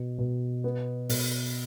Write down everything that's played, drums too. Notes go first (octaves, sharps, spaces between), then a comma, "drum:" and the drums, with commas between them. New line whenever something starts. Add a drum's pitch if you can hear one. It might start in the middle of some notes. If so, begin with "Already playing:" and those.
Already playing: B2
B2
B3
B2, drum: open hi-hat